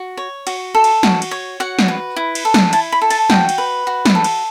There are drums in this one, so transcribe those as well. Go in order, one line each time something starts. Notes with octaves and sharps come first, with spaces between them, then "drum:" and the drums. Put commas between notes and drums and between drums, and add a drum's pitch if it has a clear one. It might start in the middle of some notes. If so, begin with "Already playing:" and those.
Already playing: F#4
C#5
F#4, drum: cymbal
A4
drum: cymbal
F#4, drum: snare
drum: cymbal
C#5
F#4 F#5
drum: snare
B4
E4
drum: cymbal
A4
drum: snare
E4 A5, drum: cymbal
B5
A4
A5, drum: cymbal
F#4 G5, drum: snare
drum: cymbal
B4
F#4
drum: snare
A4
drum: cymbal